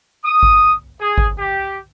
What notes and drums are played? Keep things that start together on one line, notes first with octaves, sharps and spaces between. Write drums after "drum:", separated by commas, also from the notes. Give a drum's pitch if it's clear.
D#6
drum: kick G#1
G#4
drum: kick G#1
G4